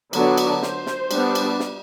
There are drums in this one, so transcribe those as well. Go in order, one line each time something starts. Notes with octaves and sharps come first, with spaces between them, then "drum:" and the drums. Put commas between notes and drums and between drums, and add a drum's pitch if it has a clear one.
D3 F#3 B3 D4, drum: cymbal
drum: cymbal
C5, drum: snare
drum: snare
G3 B3 D4, drum: cymbal
drum: cymbal
drum: snare